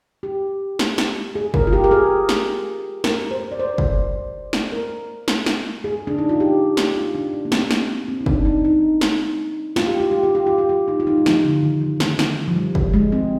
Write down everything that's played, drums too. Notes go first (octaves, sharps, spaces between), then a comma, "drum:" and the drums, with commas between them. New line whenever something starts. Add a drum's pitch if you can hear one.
G4
drum: snare
drum: snare
G#4
A#4, drum: kick
F4
G4
A#4
G#4
drum: snare
A#4, drum: snare
C5
D5
C5
drum: kick
drum: snare
A#4
drum: snare
drum: snare
G#4
D4
D#4
F4
G4
drum: snare
F4
D4
D4
A#3
C4, drum: snare
drum: snare
C4
D#4
D4, drum: kick
D#4
D#4
drum: snare
F4, drum: snare
G4
F4
G4
F4
G4
F4
G4
F4
D#4
F4
D#4
G3
F3, drum: snare
D3
D#3
F3
D#3, drum: snare
drum: snare
F3
G3
drum: kick
G#3
C4